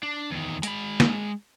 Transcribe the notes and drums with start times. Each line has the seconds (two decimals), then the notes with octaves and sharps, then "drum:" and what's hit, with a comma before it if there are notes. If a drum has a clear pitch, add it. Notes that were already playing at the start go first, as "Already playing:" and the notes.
0.03 D4
0.31 E2 D#3
0.63 G#3 B5, drum: hi-hat
1.00 drum: snare